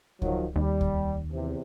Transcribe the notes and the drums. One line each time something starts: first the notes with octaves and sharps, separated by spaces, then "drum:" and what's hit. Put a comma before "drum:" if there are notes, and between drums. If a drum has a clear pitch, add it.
D#3 F3 F#3, drum: kick C#2
D#2 G3
drum: kick C#2
E2 C3